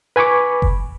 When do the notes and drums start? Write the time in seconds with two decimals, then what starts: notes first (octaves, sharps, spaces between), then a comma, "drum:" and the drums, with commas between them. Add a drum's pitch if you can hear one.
0.16 B4 G#5 B5 C#6 D6
0.62 drum: kick F#1